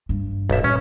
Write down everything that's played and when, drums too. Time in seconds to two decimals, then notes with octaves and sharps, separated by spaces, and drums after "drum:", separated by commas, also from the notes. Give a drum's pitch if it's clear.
0.09 G2
0.49 B1 E5, drum: kick
0.64 A#2 C#4